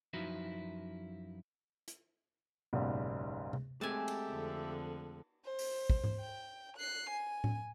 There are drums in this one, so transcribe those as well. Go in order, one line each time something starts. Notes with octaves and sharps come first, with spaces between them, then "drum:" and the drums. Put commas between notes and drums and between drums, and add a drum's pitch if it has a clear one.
F#2 F3 D#4 E4 F#4 B4
drum: hi-hat
F#1 B1 G#2 G3
drum: tom C3
G#3 A3 C4 G4 A4 E5 G#5 A5
drum: cymbal
F2 D3
C5
drum: open hi-hat
drum: kick
drum: tom G#2
G5
F#6 C7
G#5
drum: tom A2